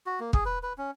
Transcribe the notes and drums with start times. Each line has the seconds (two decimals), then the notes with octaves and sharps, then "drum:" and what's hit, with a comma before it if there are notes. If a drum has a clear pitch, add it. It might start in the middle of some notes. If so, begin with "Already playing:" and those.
0.06 F#4
0.20 A#3
0.33 G#4, drum: kick
0.45 B4
0.63 B4
0.78 C#4